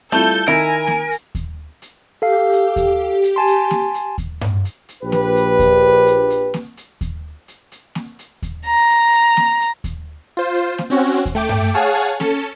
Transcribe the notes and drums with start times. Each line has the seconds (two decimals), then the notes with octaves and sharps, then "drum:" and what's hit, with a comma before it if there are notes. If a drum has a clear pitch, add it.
0.12 G3 A3 E4 F4 A4 G6
0.48 D#3 D#4 E4 A#4 G#5
0.87 drum: snare A#3
1.11 drum: hi-hat
1.35 drum: kick D#2, hi-hat
1.82 drum: hi-hat
2.22 G4 A4 F5
2.53 drum: hi-hat
2.76 drum: kick D#2, hi-hat
3.23 drum: hi-hat
3.36 G#5 A5 C6
3.47 drum: hi-hat
3.71 drum: snare A#3
3.94 drum: hi-hat
4.18 drum: kick D#2, hi-hat
4.41 drum: tom G2
4.65 drum: hi-hat
4.89 drum: hi-hat
5.03 A#1 G4 B4
5.12 drum: snare A#3
5.36 drum: hi-hat
5.59 drum: kick D#2, hi-hat
6.07 drum: hi-hat
6.30 drum: hi-hat
6.54 drum: snare A#3
6.77 drum: hi-hat
7.01 drum: kick D#2, hi-hat
7.48 drum: hi-hat
7.72 drum: hi-hat
7.95 drum: snare A#3
8.19 drum: hi-hat
8.42 drum: kick D#2, hi-hat
8.66 A#5
8.90 drum: hi-hat
9.13 drum: hi-hat
9.37 drum: snare A#3
9.60 drum: hi-hat
9.84 drum: kick D#2, hi-hat
10.37 F4 C5
10.55 drum: hi-hat
10.78 drum: snare A#3
10.90 C4 C#4 F#4
11.26 drum: kick D#2, hi-hat
11.35 A3 G5 D6
11.49 drum: tom G2
11.74 G#4 C#5 F5 F#5 G#5 A5, drum: hi-hat
11.96 drum: hi-hat
12.20 C#4 A4 C#7, drum: snare A#3